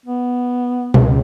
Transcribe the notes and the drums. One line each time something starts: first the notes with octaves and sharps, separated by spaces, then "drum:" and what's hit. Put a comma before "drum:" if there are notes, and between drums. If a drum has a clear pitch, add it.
B3
C#2, drum: tom B2